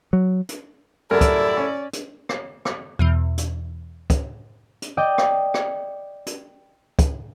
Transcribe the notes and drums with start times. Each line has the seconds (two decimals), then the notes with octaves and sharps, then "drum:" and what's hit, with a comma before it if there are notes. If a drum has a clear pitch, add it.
0.13 F#3
0.49 drum: hi-hat
1.11 F#2 G3 A3 E4 A4 A#4 D5
1.21 drum: kick, hi-hat
1.57 C#4
1.93 drum: hi-hat
2.29 drum: rim click
2.65 drum: rim click
2.99 E2 B2 E3
3.38 drum: hi-hat
4.10 drum: kick, hi-hat
4.82 drum: hi-hat
4.97 D5 D#5 G5
5.18 drum: rim click
5.54 drum: rim click
6.26 drum: hi-hat
6.99 drum: kick, hi-hat